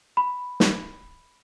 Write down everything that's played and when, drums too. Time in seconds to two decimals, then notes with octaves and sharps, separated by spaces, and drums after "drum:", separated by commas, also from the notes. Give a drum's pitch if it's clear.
0.17 B5
0.60 drum: snare